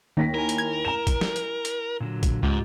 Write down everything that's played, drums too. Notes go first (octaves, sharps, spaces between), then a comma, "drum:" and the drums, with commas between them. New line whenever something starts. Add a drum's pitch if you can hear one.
D#2 D#3 A#6 B6
E4 A#4 G#5
drum: hi-hat
G#6
A#5 E7
drum: kick, hi-hat
drum: snare
drum: hi-hat
drum: hi-hat
A#2 D3 F#3
drum: kick, hi-hat
C#2 G#2 F4 G4